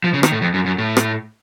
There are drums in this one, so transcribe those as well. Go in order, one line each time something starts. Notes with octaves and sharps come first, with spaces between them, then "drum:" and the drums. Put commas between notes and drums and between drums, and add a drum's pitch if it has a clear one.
F3
C#3
D#3, drum: rim click
A2
F2
F#2
F#2
A2
drum: rim click